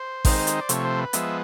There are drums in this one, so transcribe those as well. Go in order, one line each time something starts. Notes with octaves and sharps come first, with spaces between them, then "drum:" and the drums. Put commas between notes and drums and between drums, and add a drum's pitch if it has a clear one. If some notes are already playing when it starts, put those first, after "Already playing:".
Already playing: C5
D#3 G#3 C4 D#4, drum: kick A1, open hi-hat
drum: hi-hat
D5
C3 F3 A3 C#5, drum: hi-hat
C5
B4
F3 G#3 B3 E5, drum: hi-hat